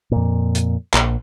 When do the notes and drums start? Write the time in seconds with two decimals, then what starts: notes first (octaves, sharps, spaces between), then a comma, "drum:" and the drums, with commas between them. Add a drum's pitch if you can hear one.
0.11 F2 A#2
0.55 drum: hi-hat
0.94 A#1, drum: clap